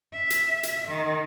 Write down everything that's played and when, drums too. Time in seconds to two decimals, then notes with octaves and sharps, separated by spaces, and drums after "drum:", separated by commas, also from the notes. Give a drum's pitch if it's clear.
0.14 E5
0.30 drum: hi-hat
0.63 drum: hi-hat
0.89 D#3